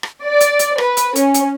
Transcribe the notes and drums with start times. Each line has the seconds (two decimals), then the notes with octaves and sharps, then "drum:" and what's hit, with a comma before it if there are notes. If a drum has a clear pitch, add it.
0.03 drum: rim click
0.24 D5
0.41 drum: hi-hat
0.59 drum: hi-hat
0.78 B4, drum: rim click
0.97 drum: hi-hat
1.16 C#4, drum: hi-hat
1.34 drum: hi-hat